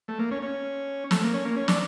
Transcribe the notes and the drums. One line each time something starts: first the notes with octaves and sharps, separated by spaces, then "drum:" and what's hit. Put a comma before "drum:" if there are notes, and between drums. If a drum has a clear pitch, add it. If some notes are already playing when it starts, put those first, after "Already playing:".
A3
A#3
C#4
C#4
A3, drum: snare
A#3
C#4
A#3
C#4
D4, drum: snare